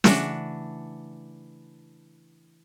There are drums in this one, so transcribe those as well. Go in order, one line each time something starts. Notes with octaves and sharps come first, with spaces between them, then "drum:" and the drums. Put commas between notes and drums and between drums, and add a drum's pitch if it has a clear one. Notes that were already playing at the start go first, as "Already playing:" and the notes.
C#3 E3 A3 D4 F#4, drum: snare